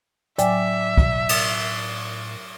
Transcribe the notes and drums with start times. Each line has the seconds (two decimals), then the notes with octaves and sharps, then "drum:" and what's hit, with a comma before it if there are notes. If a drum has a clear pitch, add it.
0.38 A2 F#3 D5 E5 G5 G#5, drum: hi-hat
0.98 drum: kick
1.29 drum: cymbal